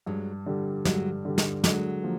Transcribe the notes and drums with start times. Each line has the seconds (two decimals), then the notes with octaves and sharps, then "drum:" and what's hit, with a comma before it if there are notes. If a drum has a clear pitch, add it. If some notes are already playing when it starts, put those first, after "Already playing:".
0.06 G2 F#3 G#3
0.46 D3 G3
0.85 G2 F#3 G#3, drum: snare
1.25 D3 G3
1.38 drum: snare
1.64 D3 F#3 G#3, drum: snare
2.03 F3 A#3